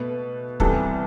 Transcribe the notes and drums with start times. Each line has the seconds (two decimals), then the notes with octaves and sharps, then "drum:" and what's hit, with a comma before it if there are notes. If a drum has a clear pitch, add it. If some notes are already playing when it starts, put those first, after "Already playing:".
Already playing: B2 A3 B4
0.60 C2 C3 E3 G3 B3 A4, drum: kick